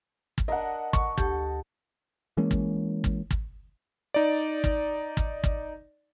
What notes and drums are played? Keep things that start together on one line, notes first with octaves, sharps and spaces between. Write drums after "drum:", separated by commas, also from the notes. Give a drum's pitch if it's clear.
drum: kick
D4 A#4 D#5 F#5
C#6, drum: kick
D2 G4 A4, drum: kick
E3 G#3 A#3 C#4
drum: kick
drum: kick
drum: kick
D#4 D5
drum: kick
drum: kick
drum: kick